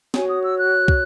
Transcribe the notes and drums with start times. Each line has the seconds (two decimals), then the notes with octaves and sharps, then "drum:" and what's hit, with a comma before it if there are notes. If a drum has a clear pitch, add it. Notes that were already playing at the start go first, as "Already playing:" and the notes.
0.14 F#4 C#5 G#5, drum: snare
0.29 D#6
0.44 E6
0.59 F#6
0.88 drum: kick